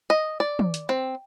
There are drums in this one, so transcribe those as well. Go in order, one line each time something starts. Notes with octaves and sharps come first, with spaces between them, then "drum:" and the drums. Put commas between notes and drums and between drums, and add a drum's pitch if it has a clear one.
D#5
D5
drum: tom
drum: hi-hat
C4